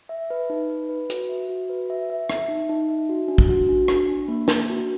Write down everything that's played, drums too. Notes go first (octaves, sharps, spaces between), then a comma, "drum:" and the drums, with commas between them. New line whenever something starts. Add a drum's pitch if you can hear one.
E5
B4
D#4
B4
B4
F#4, drum: hi-hat
E5
F#4
B4
E5
E5
E5, drum: rim click
D#4
D#4
E5
F#4
D4
drum: kick
F#4
D4
D4, drum: rim click
D4
A#3
D4, drum: snare
F#4